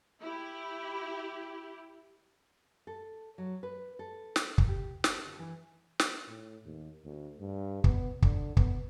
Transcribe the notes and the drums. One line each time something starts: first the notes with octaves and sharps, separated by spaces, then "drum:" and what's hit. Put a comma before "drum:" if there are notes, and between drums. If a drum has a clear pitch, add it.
E4 G4
A4
F#3
B4
A4
drum: snare
drum: kick
G4
A4, drum: snare
D3
E3
drum: snare
A2
D#2
D2
G2
B3, drum: kick
D3, drum: kick
B3, drum: kick